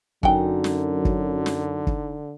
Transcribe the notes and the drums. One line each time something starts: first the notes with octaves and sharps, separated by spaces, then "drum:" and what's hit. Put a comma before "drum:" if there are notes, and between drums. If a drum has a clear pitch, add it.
F#2 D3 F#3 D#4 G5 G#5, drum: kick
drum: snare
drum: kick
drum: snare
drum: kick